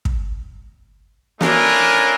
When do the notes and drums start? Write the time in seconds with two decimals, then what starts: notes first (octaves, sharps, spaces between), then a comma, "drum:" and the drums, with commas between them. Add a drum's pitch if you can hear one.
0.05 drum: kick
1.41 A3 C#4 D4 E4 F4 A#4, drum: snare